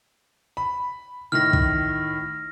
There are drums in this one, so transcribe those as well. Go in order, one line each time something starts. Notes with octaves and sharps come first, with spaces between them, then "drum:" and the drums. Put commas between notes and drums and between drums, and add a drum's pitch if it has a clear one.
B5
A2 D#3 F6 A#6
drum: kick